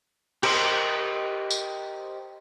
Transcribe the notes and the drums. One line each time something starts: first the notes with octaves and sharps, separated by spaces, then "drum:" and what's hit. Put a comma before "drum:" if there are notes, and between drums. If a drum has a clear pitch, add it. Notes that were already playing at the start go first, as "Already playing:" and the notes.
G4 A#4 C5 D#5 C6, drum: cymbal
drum: tambourine